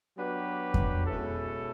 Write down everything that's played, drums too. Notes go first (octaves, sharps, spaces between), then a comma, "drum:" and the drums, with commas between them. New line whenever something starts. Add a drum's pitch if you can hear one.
F#3 B3 D4 G4 B4
drum: kick F2
B2 G#3 C#4 E4 A4